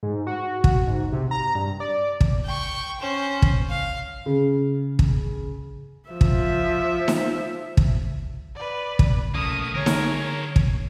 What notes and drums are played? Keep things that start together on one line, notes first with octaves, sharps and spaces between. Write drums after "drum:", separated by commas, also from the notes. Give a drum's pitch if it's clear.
G#2
F#4
drum: kick
G#2
C3
A#5
G2
D5
drum: kick
G5 C#6
C#4 C5
drum: kick
F5
C#3
drum: kick
F3 E5
drum: kick
drum: snare D#4
drum: kick
B4 D5
drum: kick
B1 F3 A3 A#3 C#4 D#6
D3 F#3 G#4 A#4 C#5
drum: snare D#4
drum: kick